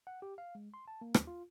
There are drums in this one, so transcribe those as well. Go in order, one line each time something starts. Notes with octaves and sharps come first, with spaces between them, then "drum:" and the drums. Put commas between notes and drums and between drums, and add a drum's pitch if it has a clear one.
F#5
G4
F5
G#3
C6
A5
A#3
D#2, drum: rim click
F4